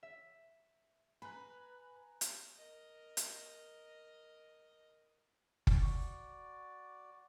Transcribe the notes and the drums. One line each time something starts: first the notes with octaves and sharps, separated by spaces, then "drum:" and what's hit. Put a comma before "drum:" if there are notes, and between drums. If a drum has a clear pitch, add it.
E5
B4 G#5 A#5 B5 F#6
drum: hi-hat
A#4 D#5
drum: hi-hat
drum: kick F#1
F#4 D5